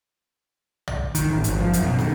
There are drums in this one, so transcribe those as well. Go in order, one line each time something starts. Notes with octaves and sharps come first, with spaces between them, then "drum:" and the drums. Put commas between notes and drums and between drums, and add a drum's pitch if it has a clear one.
drum: tom A#1
D#3, drum: hi-hat
A1
G#1, drum: hi-hat
F3
F#2, drum: hi-hat
B2
D#3, drum: snare